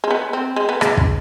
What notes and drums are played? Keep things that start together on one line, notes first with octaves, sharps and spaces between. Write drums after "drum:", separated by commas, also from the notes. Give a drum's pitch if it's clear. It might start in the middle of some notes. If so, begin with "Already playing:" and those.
G#3
B3
C4
G#3
B3
G#3, drum: rim click
drum: kick